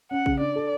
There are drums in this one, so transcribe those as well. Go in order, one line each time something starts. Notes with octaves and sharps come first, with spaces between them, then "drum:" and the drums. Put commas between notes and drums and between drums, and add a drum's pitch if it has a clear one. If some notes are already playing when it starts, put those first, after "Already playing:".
C#4 F#5
C#3, drum: kick
D4 D5
A4